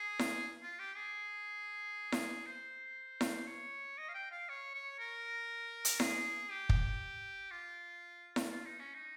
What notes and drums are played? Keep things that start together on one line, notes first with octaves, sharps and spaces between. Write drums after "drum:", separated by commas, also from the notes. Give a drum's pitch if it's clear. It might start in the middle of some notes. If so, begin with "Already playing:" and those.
Already playing: G#4
drum: snare E4
F4
G4
G#4
drum: snare E4
C5
drum: snare E4
C#5
D#5
F5
G5
F5
C#5
C#5
A#4
drum: hi-hat
G#4, drum: snare E4
G4
drum: kick
F4
drum: snare E4
F4
D#4
C#4
D#4